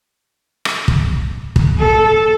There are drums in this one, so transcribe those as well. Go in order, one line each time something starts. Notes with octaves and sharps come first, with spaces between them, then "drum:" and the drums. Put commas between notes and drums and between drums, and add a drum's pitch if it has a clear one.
drum: rim click
drum: kick
drum: kick
A4